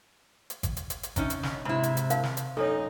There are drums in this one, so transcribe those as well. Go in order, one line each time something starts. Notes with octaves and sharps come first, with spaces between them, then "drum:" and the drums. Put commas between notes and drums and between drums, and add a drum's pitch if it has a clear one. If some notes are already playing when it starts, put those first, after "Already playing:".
drum: hi-hat
drum: kick G#1, hi-hat
drum: hi-hat
drum: hi-hat
drum: hi-hat
C3 C#4 D#4, drum: kick G#1, hi-hat
drum: hi-hat
drum: snare
G#2 C3 E4 B5
drum: hi-hat
drum: hi-hat
A#4 F5 A5, drum: hi-hat
drum: snare
drum: hi-hat
F#2 A#2 D#4 A4 C#5